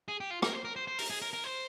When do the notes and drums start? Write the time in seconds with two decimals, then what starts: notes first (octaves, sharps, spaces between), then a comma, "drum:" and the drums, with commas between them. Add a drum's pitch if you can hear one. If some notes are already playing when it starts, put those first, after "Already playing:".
0.08 G#4
0.20 G4
0.31 F4
0.42 A#4, drum: rim click
0.53 C5
0.65 A#4
0.76 C5
0.87 C5
0.99 A#4, drum: open hi-hat
1.10 G#4
1.22 A#4
1.33 A#4
1.44 C5